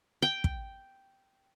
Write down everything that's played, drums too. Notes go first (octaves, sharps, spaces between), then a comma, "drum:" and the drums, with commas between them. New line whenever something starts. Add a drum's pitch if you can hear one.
G5
drum: kick